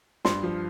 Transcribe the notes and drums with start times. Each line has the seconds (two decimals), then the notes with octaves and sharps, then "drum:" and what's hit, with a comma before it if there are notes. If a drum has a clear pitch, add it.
0.25 G2 C6, drum: snare
0.43 F3